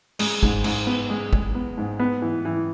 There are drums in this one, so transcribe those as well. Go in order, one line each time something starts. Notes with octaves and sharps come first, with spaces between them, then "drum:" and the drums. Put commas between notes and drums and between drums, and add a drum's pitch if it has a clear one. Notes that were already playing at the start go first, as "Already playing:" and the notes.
G#3, drum: cymbal
G#2, drum: kick
G#2, drum: cymbal
B3
G#3
G#3, drum: kick
B3
G#2
B3
E3
E3